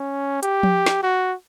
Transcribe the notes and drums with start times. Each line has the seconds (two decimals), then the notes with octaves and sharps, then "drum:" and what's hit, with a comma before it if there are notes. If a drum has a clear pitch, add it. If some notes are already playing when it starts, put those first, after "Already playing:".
Already playing: C#4
0.43 G4, drum: hi-hat
0.63 drum: tom F3
0.86 drum: snare
1.03 F#4